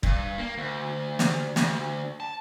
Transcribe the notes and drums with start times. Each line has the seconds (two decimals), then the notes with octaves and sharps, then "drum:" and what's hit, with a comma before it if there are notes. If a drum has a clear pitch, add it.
0.03 G2, drum: kick
0.38 A#3
0.58 D2
1.19 drum: snare
1.56 D2, drum: snare
2.20 A5